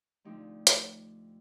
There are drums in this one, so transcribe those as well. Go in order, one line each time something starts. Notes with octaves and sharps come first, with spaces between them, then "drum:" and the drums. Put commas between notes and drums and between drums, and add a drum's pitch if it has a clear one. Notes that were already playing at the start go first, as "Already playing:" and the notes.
D2 C3 F3 A3 D#4 G4
drum: hi-hat